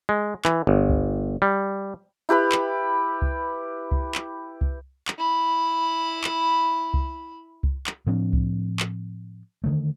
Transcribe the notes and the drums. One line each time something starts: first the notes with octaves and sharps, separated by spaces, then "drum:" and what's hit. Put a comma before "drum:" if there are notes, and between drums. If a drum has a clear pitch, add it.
G#3
E3, drum: clap
G1
drum: kick C2
G3
E4 G4 B4 B5
drum: clap
drum: kick C2
drum: kick C2
drum: clap
drum: kick C2
drum: clap
E4 B5
drum: clap
drum: kick C2
drum: kick C2
drum: clap
A2 F3 C4 D4
drum: kick C2
drum: clap
D3 D#3 A3